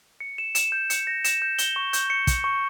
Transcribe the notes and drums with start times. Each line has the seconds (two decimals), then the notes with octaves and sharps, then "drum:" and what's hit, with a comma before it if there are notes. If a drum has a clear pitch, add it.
0.20 C#7
0.38 E7
0.55 E7, drum: hi-hat
0.72 G6
0.90 C#7, drum: hi-hat
1.07 A#6
1.24 E7, drum: hi-hat
1.42 G6
1.58 G7, drum: hi-hat
1.76 C#6
1.93 G6, drum: hi-hat
2.10 C#7
2.27 C#7, drum: kick, hi-hat
2.44 C#6